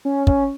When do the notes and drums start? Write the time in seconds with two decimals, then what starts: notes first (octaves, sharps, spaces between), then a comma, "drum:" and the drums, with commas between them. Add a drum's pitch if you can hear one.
0.05 C#4
0.27 C#4, drum: kick